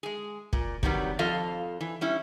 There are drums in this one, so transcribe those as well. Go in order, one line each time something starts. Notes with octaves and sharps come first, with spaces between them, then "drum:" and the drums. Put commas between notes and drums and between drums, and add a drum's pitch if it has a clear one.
G#3 G#4
A#2, drum: kick
C3 D#3 F#3 G3 B3, drum: kick
F2 F3 F4 A4 D#5 F5
E3
G3 C#4 E4